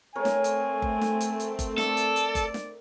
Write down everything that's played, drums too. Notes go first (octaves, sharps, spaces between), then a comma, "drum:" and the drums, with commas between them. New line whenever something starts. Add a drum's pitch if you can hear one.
A3 C4 A#4 C#5 G#5
drum: snare
drum: hi-hat
drum: kick F#1
drum: snare
drum: hi-hat
drum: hi-hat
drum: kick F#1, hi-hat
A4 D5, drum: snare
drum: hi-hat
drum: hi-hat
drum: kick F#1, hi-hat
drum: snare